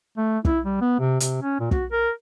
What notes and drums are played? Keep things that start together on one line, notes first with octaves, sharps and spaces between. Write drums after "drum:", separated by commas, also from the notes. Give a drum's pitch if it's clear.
A3
E4, drum: kick
G3
B3
C3
C3, drum: hi-hat
C#4
A#2
F#4, drum: kick
A#4